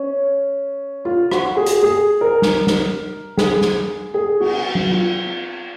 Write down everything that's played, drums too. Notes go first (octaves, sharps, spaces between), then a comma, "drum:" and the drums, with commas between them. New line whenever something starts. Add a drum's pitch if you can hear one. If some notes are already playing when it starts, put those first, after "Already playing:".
Already playing: C#4
F4
F#4, drum: rim click
G#4
drum: hi-hat
G#4
A#4
drum: snare
drum: snare
G#4, drum: snare
drum: snare
G#4
F#4, drum: cymbal
drum: tom F#3
F4